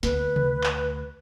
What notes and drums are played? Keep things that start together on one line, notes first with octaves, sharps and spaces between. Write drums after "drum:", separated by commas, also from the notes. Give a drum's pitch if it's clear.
D2 B4, drum: snare
drum: tom C3
drum: clap